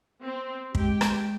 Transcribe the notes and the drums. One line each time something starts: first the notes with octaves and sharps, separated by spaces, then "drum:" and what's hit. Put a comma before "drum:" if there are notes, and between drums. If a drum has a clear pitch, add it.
C4
G#3 G4 G5, drum: kick
drum: rim click